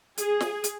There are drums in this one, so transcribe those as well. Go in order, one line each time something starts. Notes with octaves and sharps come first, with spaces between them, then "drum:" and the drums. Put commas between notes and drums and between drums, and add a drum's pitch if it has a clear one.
G#4, drum: hi-hat
drum: snare
drum: hi-hat